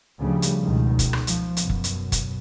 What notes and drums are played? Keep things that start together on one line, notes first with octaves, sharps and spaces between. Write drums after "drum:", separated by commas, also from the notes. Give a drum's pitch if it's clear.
D2 C#3 F3 G3
drum: hi-hat
C#2 B2 D#3
drum: kick F#1, hi-hat
drum: rim click
F3, drum: hi-hat
F#2 B2, drum: hi-hat
drum: kick F#1
drum: hi-hat
drum: kick F#1, hi-hat